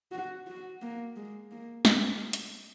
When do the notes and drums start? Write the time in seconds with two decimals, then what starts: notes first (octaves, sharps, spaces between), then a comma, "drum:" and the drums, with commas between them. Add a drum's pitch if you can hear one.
0.12 F#4
0.47 F#4
0.82 A#3
1.16 G#3
1.51 A#3
1.85 drum: snare
2.33 drum: hi-hat